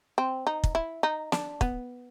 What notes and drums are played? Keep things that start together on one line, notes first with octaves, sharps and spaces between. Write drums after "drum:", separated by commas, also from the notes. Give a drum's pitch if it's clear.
C4
D#4
drum: kick
E4
D#4
D4, drum: snare
B3, drum: kick